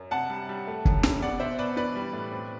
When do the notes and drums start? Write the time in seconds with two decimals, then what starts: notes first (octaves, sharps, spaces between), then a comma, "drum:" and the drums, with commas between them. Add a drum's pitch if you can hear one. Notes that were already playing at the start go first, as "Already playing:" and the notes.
Already playing: F#2
0.11 C3 F#5 A5
0.30 G3
0.49 G3
0.67 A3
0.85 F#2, drum: kick
1.03 F#2, drum: snare
1.22 B2 D5 F#5
1.40 B2 C5 E5
1.59 B2 B4 D5
1.77 E3 B4 D5
1.96 G3
2.13 A2
2.32 C4